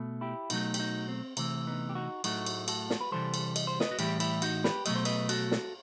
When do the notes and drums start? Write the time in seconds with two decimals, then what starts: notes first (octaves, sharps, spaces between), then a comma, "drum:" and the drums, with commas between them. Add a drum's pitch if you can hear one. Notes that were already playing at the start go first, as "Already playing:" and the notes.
Already playing: B2 A3
0.21 E4 G4
0.50 B2 F#3 A3 D#4 F#4, drum: cymbal
0.74 G4, drum: cymbal
0.79 D#4 F#4
1.08 C4
1.37 C3 E3 A3 C4, drum: cymbal
1.67 B3 D#4
1.89 G4
1.95 D#4 F#4
2.24 A2 F#3 A3 D#4 F#4, drum: cymbal
2.47 drum: cymbal
2.68 F#4 A4, drum: cymbal
2.90 drum: snare
3.01 B4
3.12 C3 E3 G3 A4 C5
3.34 drum: cymbal
3.56 D#5, drum: cymbal
3.67 C5
3.80 B4 D#5, drum: snare
3.91 F#4
3.99 A2 E3 G3 E4 G4, drum: cymbal
4.20 E4 G4, drum: cymbal
4.42 D#4 F#4, drum: cymbal
4.64 G4 B4, drum: snare
4.86 B2 F#3 A3 D#5, drum: cymbal
4.95 C5
5.05 B4 D#5, drum: cymbal
5.29 F#4 A4, drum: cymbal
5.51 drum: snare